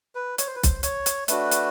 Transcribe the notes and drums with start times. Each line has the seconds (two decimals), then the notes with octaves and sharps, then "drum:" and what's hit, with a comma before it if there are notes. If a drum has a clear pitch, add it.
0.15 B4
0.38 C#5, drum: hi-hat
0.47 C5
0.55 B4
0.63 C5, drum: kick B1, hi-hat
0.83 C#5, drum: hi-hat
1.06 drum: hi-hat
1.28 A3 D4 F#4 B4, drum: hi-hat
1.51 drum: hi-hat